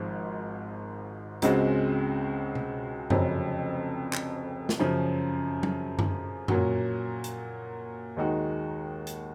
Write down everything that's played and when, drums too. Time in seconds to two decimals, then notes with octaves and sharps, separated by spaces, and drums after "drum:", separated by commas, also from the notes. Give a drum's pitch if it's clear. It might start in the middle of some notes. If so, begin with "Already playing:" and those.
Already playing: G#1 G#2 F3
1.42 C#2 C#3 G#3 C4 F#4, drum: hi-hat
2.55 drum: tom B2
3.10 F1 F2 C#3 F#3 C4, drum: tom F#2
4.13 drum: clap
4.69 drum: snare
4.79 F#2 C#3 F3
5.63 drum: tom F#3
5.99 drum: tom F#2
6.48 A#2 F#3 C#4 F#4, drum: tom F#2
7.24 drum: hi-hat
8.17 D#2 D#3 G#3 D#4 F#4
9.07 drum: hi-hat